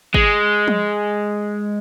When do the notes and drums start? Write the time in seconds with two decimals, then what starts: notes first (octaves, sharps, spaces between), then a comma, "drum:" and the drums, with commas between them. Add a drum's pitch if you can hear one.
0.14 G#3, drum: kick
0.68 drum: tom F3